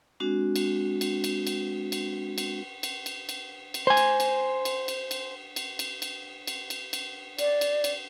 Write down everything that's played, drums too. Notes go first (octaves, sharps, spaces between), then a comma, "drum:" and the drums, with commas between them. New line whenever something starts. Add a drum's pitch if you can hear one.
G#3 C4 D4 F#4
drum: cymbal
drum: cymbal
drum: cymbal
drum: cymbal
drum: cymbal
drum: cymbal
drum: cymbal
drum: cymbal
drum: cymbal
drum: cymbal
C5 G#5
drum: cymbal
drum: cymbal
drum: cymbal
drum: cymbal
drum: cymbal
drum: cymbal
drum: cymbal
drum: cymbal
drum: cymbal
drum: cymbal
drum: cymbal
D5, drum: cymbal
drum: cymbal
drum: cymbal